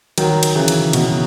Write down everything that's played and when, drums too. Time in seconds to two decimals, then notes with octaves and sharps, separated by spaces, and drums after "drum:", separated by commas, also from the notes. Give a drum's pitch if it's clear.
0.18 D#3 F#3, drum: cymbal
0.43 drum: cymbal
0.55 C#3 E3
0.68 drum: cymbal
0.93 B2, drum: cymbal